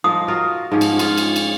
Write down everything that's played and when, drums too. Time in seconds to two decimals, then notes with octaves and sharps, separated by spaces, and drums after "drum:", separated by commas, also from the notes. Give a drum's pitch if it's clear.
0.04 F3 D#4 D#6
0.28 F4 F#4 A#4
0.72 G#2 F3 C#4
0.81 drum: cymbal
0.99 F4 G#4, drum: cymbal
1.18 drum: cymbal
1.36 drum: cymbal